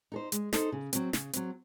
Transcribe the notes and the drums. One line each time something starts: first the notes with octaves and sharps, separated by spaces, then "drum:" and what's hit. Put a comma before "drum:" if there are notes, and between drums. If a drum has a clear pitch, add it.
D#4 A4 C5
G#3, drum: hi-hat
D#4 A4 C5, drum: snare
C#3
F#3 C4, drum: hi-hat
C#3, drum: snare
F#3 C4, drum: hi-hat